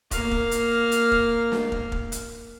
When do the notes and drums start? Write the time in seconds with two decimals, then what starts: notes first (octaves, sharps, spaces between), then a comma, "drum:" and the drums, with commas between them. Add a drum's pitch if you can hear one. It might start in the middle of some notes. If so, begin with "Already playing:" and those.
0.11 A#3 F5, drum: kick, hi-hat
0.31 drum: kick
0.51 drum: hi-hat
0.92 drum: hi-hat
1.12 drum: kick
1.52 drum: snare
1.72 drum: kick
1.92 drum: kick
2.12 drum: hi-hat